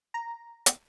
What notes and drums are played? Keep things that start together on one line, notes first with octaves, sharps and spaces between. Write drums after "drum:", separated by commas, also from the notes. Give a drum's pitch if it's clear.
A#5
drum: hi-hat